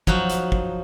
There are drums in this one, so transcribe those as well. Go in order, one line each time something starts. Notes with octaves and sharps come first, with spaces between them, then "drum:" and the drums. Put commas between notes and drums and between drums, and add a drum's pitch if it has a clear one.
F3 F#3 D#4 F#4, drum: kick
drum: hi-hat
drum: kick